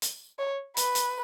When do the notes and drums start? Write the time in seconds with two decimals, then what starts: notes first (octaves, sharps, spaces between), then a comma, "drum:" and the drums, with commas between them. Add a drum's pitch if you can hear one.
0.02 drum: hi-hat
0.39 C#5
0.77 B4, drum: hi-hat
0.95 drum: hi-hat